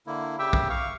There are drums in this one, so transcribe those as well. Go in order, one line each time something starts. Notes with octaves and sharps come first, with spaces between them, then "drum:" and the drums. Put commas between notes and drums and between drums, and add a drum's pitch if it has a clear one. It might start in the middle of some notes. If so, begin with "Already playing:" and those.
D3 A#3 E4
C#3 G4 E5 G5
drum: kick
F5 C#6